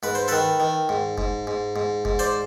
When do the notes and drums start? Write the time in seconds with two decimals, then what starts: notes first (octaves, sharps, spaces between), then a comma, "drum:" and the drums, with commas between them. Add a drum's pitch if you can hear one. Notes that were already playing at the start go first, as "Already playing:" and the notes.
0.03 G#2 B4
0.15 C5
0.28 D#3 A4 B4
0.60 D#3
0.89 G#2
1.18 G#2, drum: kick F1
1.47 G#2
1.76 G#2
2.05 G#2, drum: kick F1
2.19 C5 D5